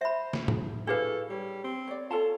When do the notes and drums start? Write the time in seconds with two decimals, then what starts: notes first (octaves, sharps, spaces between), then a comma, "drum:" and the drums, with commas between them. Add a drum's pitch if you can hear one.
0.01 C5 E5 B5
0.33 drum: snare
0.48 drum: tom A2
0.87 D4 E4 F#4 G#4 A4 B4 F5
1.30 G3 C#5
1.64 C4
1.88 C#5 D5
2.11 F4 A4 C#5 A5